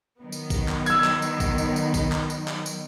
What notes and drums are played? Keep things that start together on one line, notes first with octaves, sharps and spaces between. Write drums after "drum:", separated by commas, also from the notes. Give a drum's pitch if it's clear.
D#3 F#3 B3
drum: tambourine
drum: kick, tambourine
drum: clap
E6 G#6, drum: tambourine
drum: clap
drum: tambourine
drum: kick, tambourine
drum: tambourine
drum: tambourine
drum: kick, tambourine
drum: clap
drum: tambourine
drum: clap
drum: tambourine